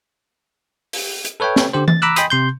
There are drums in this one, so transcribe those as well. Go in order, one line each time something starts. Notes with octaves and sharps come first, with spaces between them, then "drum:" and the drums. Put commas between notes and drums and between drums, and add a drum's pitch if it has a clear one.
drum: open hi-hat
drum: hi-hat
A4 B4 C#5 E5 G5
drum: snare
D3 G4 C5
A6, drum: tom E3
A#5 B5 D6 E6 F#6
D#5 G5 G#5 B5 C6 D#6, drum: hi-hat
C3 C6 G6